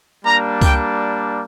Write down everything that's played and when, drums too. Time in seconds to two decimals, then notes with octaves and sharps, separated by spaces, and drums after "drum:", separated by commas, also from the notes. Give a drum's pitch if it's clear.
0.25 G3 A#3 D4 A#5
0.62 G5, drum: kick C#2, tambourine